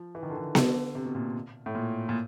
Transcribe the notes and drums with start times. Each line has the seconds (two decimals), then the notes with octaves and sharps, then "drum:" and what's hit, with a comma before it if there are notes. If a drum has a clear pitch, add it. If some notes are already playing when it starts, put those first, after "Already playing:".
Already playing: F3
0.15 E3
0.23 D#3
0.30 D3
0.37 D#3
0.55 D3, drum: snare B3
0.95 C3
1.05 B2
1.15 A#2
1.66 A2
1.75 A#2
2.09 A#2